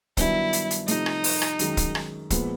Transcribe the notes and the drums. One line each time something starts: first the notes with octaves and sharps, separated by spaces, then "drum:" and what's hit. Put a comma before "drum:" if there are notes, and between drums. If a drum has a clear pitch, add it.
G2 D#3 F#3 B3 D4 E4, drum: kick, hi-hat
drum: hi-hat
drum: hi-hat
C3 F3 A3 D#4, drum: hi-hat
drum: rim click
drum: open hi-hat
drum: rim click
F#2 D#3 G#3, drum: hi-hat
drum: kick, hi-hat
drum: rim click
A#2 F3 G#3 B3, drum: kick, hi-hat